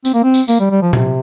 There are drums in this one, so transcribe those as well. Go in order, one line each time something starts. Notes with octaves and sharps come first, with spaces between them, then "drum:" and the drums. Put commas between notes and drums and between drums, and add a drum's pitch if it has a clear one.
C4, drum: tambourine
A#3
C4
drum: tambourine
A#3, drum: tambourine
G3
G3
F3
C3, drum: tom A#2